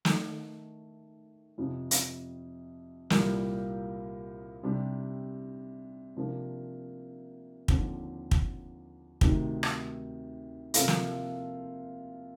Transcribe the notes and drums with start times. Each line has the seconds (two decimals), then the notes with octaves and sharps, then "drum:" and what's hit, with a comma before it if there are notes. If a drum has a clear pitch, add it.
0.05 D#3 A3 D#4, drum: snare
1.58 F2 C3 F3
1.91 drum: hi-hat
3.10 C2 A#2 G3 A#3 F4, drum: snare
4.63 C3 G3 D4
6.16 C3 F3 A#3 D4
7.68 D#2 D3 F3 C4, drum: kick
8.31 drum: kick
9.21 D2 C3 D#3, drum: kick
9.63 drum: rim click
10.74 C3 F3 A#3 F4 A4, drum: hi-hat
10.88 drum: snare